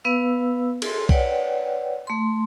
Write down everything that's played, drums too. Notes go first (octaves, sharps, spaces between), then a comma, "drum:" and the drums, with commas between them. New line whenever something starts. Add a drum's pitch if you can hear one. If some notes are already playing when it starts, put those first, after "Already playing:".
B3 B4 F5 E6
G#4 A4 C6, drum: cymbal
B4 C#5 D5 F#5 G5, drum: kick B1
A3 C6